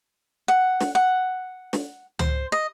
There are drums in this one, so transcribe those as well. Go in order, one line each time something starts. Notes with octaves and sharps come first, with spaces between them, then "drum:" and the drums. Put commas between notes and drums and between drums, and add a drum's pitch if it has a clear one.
F#5
drum: snare
F#5
drum: snare
C5, drum: tom C#2
D#5